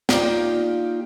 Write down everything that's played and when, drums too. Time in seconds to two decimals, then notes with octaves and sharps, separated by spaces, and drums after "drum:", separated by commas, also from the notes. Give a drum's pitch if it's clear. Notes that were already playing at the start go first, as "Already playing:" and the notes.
0.09 A#3 D#4 F4 G4 D5, drum: snare